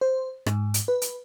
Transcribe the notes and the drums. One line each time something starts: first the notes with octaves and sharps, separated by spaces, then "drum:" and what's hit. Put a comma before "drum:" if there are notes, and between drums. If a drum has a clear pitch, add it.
C5
G#2, drum: rim click
drum: hi-hat
B4
drum: hi-hat